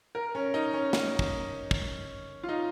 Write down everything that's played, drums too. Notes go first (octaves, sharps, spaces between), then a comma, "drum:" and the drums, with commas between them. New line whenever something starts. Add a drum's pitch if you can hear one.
A#4
C#4
D#4
C#4
drum: snare
drum: kick
drum: kick
F4
D#4